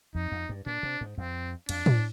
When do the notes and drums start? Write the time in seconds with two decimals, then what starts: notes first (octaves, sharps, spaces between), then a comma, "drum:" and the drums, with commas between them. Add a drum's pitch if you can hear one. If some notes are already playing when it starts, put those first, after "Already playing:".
0.15 F2 D#4
0.32 F2
0.49 G2
0.66 A#2 D4
0.83 C3
1.01 G#2
1.17 F2 C4
1.69 F2 D4, drum: cymbal
1.86 G#2, drum: tom A2